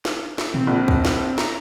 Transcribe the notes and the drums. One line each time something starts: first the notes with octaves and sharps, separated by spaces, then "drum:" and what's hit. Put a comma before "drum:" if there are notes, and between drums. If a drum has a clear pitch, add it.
drum: snare
drum: snare
C4, drum: tom A#2
A#1
drum: kick
drum: snare
A#5, drum: snare